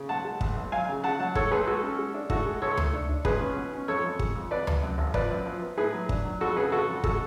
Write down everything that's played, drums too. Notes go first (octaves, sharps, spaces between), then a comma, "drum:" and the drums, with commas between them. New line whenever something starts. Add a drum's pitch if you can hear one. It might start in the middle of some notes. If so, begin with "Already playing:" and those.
Already playing: C#3
B1 F#5 A5
G#3
B1, drum: kick
B1
F#3 F5 G#5
C#3
C#3 F#5 A5
F#3 F#5 A5
A2 A4 C#5, drum: kick
B1 G#4 B4
G#3 F#4 A4
C#4
G#3
D4
A2 F#4 A4, drum: kick
G#3
C#2 A4 C#5
A3, drum: tom D2
D4
D4
C#2 G#4 B4, drum: kick
C#4
B2
C#4
F2 A4 C#5
F2
G#3, drum: kick
F2
G#1 B4 D5
G#1, drum: tom D2
F#2
G#1
F3 B4 D5, drum: kick
F#2
F3
B3
A2 G#4 B4
F#3
D4, drum: kick
F#3
F2 F#4 A4
C#3 G#4 B4
C#3 F#4 A4
F2
G#3 F#4 A4, drum: kick